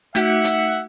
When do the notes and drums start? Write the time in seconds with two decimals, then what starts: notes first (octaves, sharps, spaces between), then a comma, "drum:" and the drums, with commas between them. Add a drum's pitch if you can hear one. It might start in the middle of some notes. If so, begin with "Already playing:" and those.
0.15 A3 D#4 F#4 E5 F#5, drum: hi-hat
0.44 drum: hi-hat